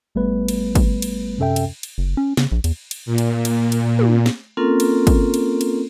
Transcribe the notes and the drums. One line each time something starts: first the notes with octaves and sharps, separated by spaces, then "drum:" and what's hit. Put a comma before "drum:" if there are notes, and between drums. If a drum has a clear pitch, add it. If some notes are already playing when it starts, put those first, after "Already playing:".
G#1 G3 A3 B3 B4
drum: cymbal
drum: kick, cymbal
drum: cymbal
F#2 C3 C#4 A4 E5 G5
drum: cymbal
drum: cymbal
F#1
C#4
C#3, drum: snare
A#1
E2, drum: cymbal
drum: cymbal
A#2
drum: cymbal
drum: cymbal
drum: cymbal
drum: tom
drum: snare
A#3 C4 C#4 F4 A4 A#4
drum: cymbal
drum: kick, cymbal
drum: cymbal
drum: cymbal